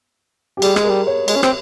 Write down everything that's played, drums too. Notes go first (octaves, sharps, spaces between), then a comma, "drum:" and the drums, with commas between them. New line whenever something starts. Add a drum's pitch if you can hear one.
G4
G3 G#4, drum: cymbal
G#3, drum: rim click
A#4
G3
C#5
G#3, drum: cymbal
C#4
C4, drum: rim click